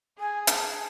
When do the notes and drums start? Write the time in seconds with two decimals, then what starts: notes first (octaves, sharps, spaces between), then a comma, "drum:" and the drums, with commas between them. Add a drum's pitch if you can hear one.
0.20 G#4 G#5
0.47 A5, drum: hi-hat